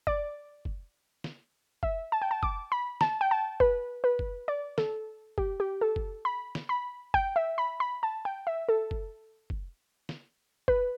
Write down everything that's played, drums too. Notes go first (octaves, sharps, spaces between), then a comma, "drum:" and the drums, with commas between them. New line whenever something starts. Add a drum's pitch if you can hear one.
D5, drum: kick
drum: kick
drum: snare
E5, drum: kick
A5
G5
A5
D6, drum: kick
B5
A5, drum: snare
G5
A5
B4, drum: kick
B4
drum: kick
D5
A4, drum: snare
G4, drum: kick
G4
A4
drum: kick
B5
drum: snare
B5
G5, drum: kick
E5
B5
B5
A5
G5
E5
A4
drum: kick
drum: kick
drum: snare
B4, drum: kick